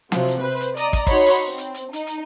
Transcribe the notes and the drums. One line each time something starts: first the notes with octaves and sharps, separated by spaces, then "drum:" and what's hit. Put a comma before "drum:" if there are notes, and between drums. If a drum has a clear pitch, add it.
C3 F3 F#3, drum: snare
drum: hi-hat
B4 C5
drum: hi-hat
D5 D#5 A#5 D#6, drum: hi-hat
drum: kick, hi-hat
D#4 F#4 C#5 F#5 B5 C6, drum: kick, hi-hat
drum: open hi-hat
C4
drum: hi-hat
drum: hi-hat
D#4, drum: hi-hat
drum: hi-hat